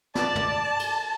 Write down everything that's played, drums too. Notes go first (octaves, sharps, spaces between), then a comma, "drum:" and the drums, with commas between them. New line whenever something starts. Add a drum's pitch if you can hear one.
D5 A5, drum: snare
drum: tom
drum: cymbal